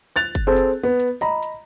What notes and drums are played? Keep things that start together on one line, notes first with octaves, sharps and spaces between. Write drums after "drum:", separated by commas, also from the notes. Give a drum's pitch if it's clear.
F#6 A6 F7
drum: kick, hi-hat
C4 G#4 A4
drum: hi-hat
B3
drum: hi-hat
D#5 A#5 B5, drum: hi-hat
drum: hi-hat